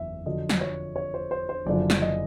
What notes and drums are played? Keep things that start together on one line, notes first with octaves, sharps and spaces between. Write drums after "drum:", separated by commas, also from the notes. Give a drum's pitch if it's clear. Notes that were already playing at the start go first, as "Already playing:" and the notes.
Already playing: F#1 E2 E5
F2 D3 F#3 D#5
drum: snare
C#5
C#5
C5
C5
C5
F#1 F#2 D3 F3 D5
drum: snare
D#5